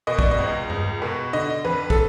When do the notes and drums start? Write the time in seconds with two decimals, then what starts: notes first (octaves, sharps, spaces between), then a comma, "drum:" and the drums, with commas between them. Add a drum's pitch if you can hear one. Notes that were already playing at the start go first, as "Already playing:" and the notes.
0.07 B2 D#5
0.19 D5, drum: kick
0.31 D#5
0.39 C#2
0.70 C#2, drum: tom
1.02 B2
1.33 D3 D#5
1.64 F2 B4
1.90 A4, drum: kick